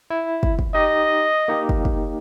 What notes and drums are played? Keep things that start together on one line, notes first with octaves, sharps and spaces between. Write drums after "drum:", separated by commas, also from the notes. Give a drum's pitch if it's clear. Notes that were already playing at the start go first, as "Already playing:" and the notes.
E4
drum: kick
drum: kick
D#4 G4 D#5
A#3 D#4 G4
drum: kick
drum: kick